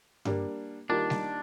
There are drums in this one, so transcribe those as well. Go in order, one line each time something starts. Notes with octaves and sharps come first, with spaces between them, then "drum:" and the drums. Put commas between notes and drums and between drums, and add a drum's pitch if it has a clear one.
G3 A#3 D4, drum: tom G2
D#3 G3 A#3 D4 F4
drum: snare G3